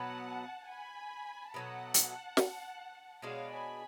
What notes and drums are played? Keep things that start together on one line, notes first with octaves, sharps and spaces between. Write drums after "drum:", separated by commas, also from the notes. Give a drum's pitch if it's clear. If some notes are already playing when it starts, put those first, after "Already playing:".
Already playing: B2 F#3 B3 F#5 A5
G#5 B5
B2 F#3 A3 F#5 A5
drum: hi-hat
drum: snare
B2 G#3 D4 F#4 C#5 F5
G#5 B5